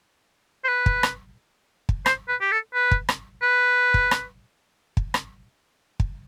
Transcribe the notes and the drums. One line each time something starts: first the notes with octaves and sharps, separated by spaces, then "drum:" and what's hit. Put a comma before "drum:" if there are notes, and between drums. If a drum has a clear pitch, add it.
C5
B4
drum: kick
drum: rim click
drum: kick
C5, drum: rim click
B4
G4
A4
B4
drum: kick
drum: rim click
B4
drum: kick
drum: rim click
drum: kick
drum: rim click
drum: kick